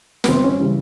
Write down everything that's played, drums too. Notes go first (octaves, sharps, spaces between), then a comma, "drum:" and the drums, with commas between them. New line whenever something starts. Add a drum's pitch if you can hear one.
B3, drum: snare
G1 C4
C#4
C#3 E3 G3